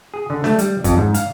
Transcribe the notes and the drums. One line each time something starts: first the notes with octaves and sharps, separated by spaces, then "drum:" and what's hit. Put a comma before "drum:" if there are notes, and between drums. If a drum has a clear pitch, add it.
G#4
D3
A3, drum: snare
G3, drum: hi-hat
F2, drum: kick, hi-hat
G#2
F5, drum: hi-hat